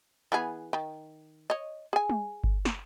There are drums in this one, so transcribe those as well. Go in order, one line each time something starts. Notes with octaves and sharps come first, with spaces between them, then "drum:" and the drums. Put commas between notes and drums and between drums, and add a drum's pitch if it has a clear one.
E3 B3 G#4
D#3
C#5 D#5
G#4 G#5
drum: tom
drum: kick G1
drum: snare